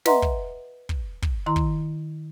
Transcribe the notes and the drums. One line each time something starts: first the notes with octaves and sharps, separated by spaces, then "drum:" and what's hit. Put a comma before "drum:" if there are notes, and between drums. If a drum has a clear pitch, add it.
B4 D#5 E5 F#5 A#5 C6, drum: snare
drum: kick
drum: kick
drum: kick
D#3 E4 A#5 C6
drum: kick